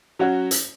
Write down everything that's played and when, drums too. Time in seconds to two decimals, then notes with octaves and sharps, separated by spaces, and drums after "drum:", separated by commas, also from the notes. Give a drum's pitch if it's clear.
0.19 F#3 C#4 F#4
0.51 drum: hi-hat